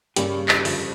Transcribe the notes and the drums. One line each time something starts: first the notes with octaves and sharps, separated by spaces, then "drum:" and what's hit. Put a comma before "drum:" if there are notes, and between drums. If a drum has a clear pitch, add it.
G2 C#3 G3 A#3 C#4 G4, drum: hi-hat
drum: clap
F2, drum: open hi-hat